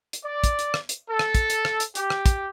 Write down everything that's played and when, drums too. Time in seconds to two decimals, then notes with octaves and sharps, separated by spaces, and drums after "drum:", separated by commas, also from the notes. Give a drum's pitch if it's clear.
0.13 drum: hi-hat
0.23 D5
0.44 drum: kick, hi-hat
0.59 drum: hi-hat
0.74 drum: rim click
0.89 drum: hi-hat
1.10 A4
1.19 drum: rim click
1.35 drum: kick, hi-hat
1.50 drum: hi-hat
1.65 drum: rim click
1.80 drum: hi-hat
1.95 G4, drum: hi-hat
2.10 drum: rim click
2.26 drum: kick, hi-hat